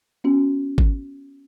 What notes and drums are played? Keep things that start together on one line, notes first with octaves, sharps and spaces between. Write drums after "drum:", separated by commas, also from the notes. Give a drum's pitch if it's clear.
B3 C#4 F#4
drum: kick